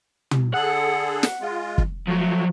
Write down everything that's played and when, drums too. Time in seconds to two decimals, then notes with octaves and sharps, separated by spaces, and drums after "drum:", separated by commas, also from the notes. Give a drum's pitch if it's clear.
0.31 drum: tom
0.54 D3 G#4 A4 F#5
1.23 drum: snare
1.41 G#3 F4
1.78 drum: kick
2.07 F3 F#3 A3